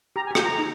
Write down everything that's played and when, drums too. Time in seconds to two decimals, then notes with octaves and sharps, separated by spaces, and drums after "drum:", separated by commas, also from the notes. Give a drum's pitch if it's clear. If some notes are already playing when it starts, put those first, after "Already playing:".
0.16 G4 A#5
0.26 G#5
0.31 G4
0.35 G5, drum: rim click
0.44 A#5
0.58 D#4